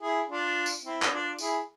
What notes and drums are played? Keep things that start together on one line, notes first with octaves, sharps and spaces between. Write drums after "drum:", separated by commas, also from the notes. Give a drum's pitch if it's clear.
E4 G#4
D4 F4
drum: tambourine
C4 E4
drum: clap
D4 F4
E4 G#4, drum: tambourine